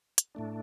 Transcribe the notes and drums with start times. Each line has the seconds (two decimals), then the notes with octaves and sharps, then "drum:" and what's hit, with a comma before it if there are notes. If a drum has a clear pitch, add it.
0.18 drum: hi-hat
0.35 A2 A3 D4